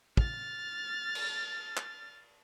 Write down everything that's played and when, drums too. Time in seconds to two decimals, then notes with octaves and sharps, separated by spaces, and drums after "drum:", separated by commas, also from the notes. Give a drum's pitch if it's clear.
0.17 F6 A6, drum: kick
1.15 drum: cymbal
1.77 drum: clap